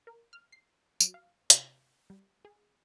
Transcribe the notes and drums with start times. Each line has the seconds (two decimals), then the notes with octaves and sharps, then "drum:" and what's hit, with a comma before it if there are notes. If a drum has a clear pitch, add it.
0.07 A#4
0.33 F6
0.52 C7
1.00 F#3, drum: tambourine
1.14 F5
1.50 C3, drum: hi-hat
2.10 G3
2.45 G#4